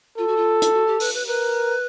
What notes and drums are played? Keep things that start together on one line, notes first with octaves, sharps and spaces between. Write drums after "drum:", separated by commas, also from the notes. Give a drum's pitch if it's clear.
F4 A4
F#4
F4
drum: hi-hat
F#4
G4
B4, drum: open hi-hat
B4
A#4 B4